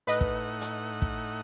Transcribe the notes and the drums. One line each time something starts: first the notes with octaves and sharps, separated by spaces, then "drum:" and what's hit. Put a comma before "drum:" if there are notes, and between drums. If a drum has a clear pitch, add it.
A2 D#4 B4 D#5 F#5
drum: kick
drum: hi-hat
drum: kick